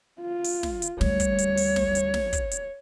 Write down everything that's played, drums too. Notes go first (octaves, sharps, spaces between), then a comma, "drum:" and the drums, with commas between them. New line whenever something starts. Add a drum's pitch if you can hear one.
F4
drum: open hi-hat
drum: snare
drum: hi-hat
D2 G3 C#5, drum: snare
drum: kick, hi-hat
drum: hi-hat
drum: open hi-hat
drum: snare
drum: hi-hat
drum: snare
drum: kick, hi-hat
drum: hi-hat